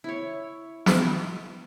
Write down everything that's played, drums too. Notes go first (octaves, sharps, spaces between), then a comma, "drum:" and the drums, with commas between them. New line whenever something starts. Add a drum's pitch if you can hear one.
E4 C#5
drum: snare